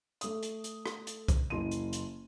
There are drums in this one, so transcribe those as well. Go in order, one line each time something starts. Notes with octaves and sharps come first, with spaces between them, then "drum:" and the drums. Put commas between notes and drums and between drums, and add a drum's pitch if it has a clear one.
A3 D#6, drum: hi-hat
drum: hi-hat
drum: hi-hat
drum: rim click
drum: hi-hat
drum: kick C2, hi-hat
F#1 E3 C6 D#7
drum: hi-hat
drum: hi-hat